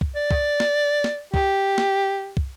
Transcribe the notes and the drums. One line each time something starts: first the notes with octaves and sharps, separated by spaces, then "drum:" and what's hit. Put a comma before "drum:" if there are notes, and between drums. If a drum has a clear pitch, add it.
drum: kick
D5
drum: kick
drum: snare
drum: snare
G4, drum: kick
drum: snare
drum: kick